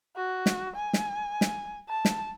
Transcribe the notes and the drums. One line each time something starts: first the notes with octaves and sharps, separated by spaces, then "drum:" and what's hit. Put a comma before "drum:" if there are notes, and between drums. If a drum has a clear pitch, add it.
F#4
drum: snare
G#5
drum: snare
drum: snare
A5
drum: snare